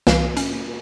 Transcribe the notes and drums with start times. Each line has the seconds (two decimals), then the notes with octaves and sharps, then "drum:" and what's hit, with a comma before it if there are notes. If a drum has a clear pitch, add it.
0.07 C2 E3 B4 F5 C7, drum: snare
0.37 C#4, drum: hi-hat